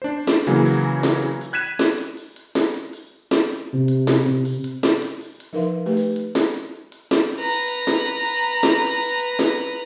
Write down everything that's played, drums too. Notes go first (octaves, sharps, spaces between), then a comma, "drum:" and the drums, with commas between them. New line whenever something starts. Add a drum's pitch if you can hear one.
D4 C5
drum: snare
C#3 E3 F#3 A#3, drum: hi-hat
drum: open hi-hat
drum: snare
drum: hi-hat
drum: open hi-hat
F#6 G#6 B6 D#7 E7
drum: snare
drum: hi-hat
drum: open hi-hat
drum: hi-hat
drum: snare
drum: hi-hat
drum: open hi-hat
drum: snare
C3
drum: hi-hat
drum: snare
C3, drum: hi-hat
drum: open hi-hat
drum: hi-hat
drum: snare
drum: hi-hat
drum: open hi-hat
drum: hi-hat
F3 D#4 A#4 B4 F5 C6
A3 D#4 G4 B4
drum: open hi-hat
drum: hi-hat
drum: snare
drum: hi-hat
drum: hi-hat
drum: snare
B4 A#5
drum: open hi-hat
drum: hi-hat
drum: snare
drum: hi-hat
drum: open hi-hat
drum: hi-hat
drum: snare
drum: hi-hat
drum: open hi-hat
drum: hi-hat
drum: snare
drum: hi-hat